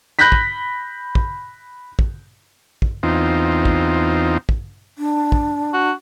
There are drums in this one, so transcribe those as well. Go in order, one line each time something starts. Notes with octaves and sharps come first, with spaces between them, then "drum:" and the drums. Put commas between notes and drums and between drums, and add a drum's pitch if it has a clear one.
B5 F#6 G6 A#6 B6
drum: kick
drum: kick
drum: kick
drum: kick
E2 C4 D#4 F4
drum: kick
drum: kick
D4
drum: kick
F#4